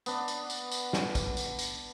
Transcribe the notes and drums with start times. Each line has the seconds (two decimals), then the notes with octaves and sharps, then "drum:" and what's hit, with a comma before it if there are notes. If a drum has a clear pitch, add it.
0.06 B3 D4, drum: tambourine
0.28 drum: tambourine
0.50 drum: tambourine
0.72 drum: tambourine
0.93 drum: snare
1.15 drum: kick, tambourine
1.37 drum: tambourine
1.59 drum: tambourine